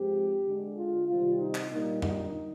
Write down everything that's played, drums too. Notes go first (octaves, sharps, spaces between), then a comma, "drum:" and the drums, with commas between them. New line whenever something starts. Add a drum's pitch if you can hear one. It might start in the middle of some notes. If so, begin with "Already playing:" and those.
Already playing: G#2 F3 G#3 C4 G4
D3 G#3 D4
F4
C3 D#3 G3 F4
D#4
drum: clap
A#2 G3 A#3 D4 D#4
D#4, drum: tom F2